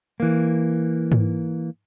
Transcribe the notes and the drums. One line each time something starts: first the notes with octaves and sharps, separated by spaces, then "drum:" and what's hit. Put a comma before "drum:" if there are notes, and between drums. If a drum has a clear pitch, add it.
E3 A#3
drum: tom G#2